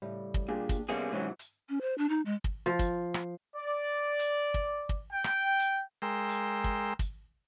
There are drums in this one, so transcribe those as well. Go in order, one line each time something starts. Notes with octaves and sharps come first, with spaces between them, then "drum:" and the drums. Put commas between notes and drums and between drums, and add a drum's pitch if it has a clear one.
A2 C#3 G3
drum: kick
A#2 D4 G4 G#4
drum: kick, hi-hat
C3 G3 A#3 B3 C#4 G#4 C#7
G#2 C3 E3 F#3 B3 C#4 C#5
drum: hi-hat
C#4
C5
D4
D#4
G#3
drum: kick
F3
drum: kick, hi-hat
drum: rim click
D5
drum: hi-hat
drum: kick
drum: kick
G5
drum: rim click
drum: hi-hat
G#3 A#4 G5 C6 E6
drum: hi-hat
drum: kick
drum: kick, hi-hat